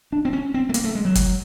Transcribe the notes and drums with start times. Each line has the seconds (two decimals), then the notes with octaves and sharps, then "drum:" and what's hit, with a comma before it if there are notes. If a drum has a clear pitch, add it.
0.12 D4
0.25 C4
0.33 C#4
0.54 C4
0.69 A3
0.74 A#3, drum: hi-hat
0.84 A3
0.95 G#3
1.05 F#3
1.15 drum: kick, hi-hat